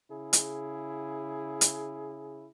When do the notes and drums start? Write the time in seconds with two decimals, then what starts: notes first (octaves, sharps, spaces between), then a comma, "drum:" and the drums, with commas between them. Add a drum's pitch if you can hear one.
0.11 C#3 E4 G#4
0.33 drum: hi-hat
1.61 drum: hi-hat